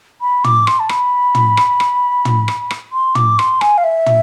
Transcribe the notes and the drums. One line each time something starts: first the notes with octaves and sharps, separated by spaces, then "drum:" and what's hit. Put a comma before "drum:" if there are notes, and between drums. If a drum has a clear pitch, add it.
B5
D6, drum: tom
C6, drum: rim click
A5
B5, drum: rim click
drum: tom
drum: rim click
drum: rim click
drum: tom
drum: rim click
drum: rim click
C6
D6, drum: tom
C6, drum: rim click
G#5, drum: rim click
F5
E5
drum: tom